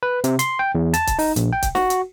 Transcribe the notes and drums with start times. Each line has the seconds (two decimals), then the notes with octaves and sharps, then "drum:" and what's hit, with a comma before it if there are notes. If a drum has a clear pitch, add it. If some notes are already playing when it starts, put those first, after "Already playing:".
0.03 B4
0.24 C3, drum: hi-hat
0.39 C6, drum: hi-hat
0.59 G5
0.75 E2
0.94 A5, drum: hi-hat
1.07 drum: kick C#1, hi-hat
1.19 D#4, drum: open hi-hat
1.36 A#1, drum: hi-hat
1.53 G5
1.62 drum: kick C#1, hi-hat
1.75 F#4, drum: snare
1.90 drum: hi-hat